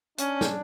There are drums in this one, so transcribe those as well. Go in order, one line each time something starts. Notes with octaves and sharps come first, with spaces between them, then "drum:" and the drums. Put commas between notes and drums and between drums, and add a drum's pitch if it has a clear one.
C#4 D4, drum: hi-hat
drum: snare